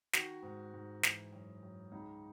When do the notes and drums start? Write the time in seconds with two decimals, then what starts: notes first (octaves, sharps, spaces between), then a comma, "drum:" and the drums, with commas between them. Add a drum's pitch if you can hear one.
0.13 D#3 F#4, drum: snare
0.43 G#2
0.74 G#2
1.03 E3, drum: snare
1.33 F#2
1.63 F#2
1.92 C#2 D#4